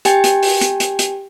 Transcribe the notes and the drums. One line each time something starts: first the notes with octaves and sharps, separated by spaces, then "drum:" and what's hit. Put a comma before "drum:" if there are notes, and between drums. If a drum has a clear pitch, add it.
G4 G5 G#5, drum: hi-hat
drum: hi-hat
drum: open hi-hat
drum: hi-hat
drum: hi-hat
drum: hi-hat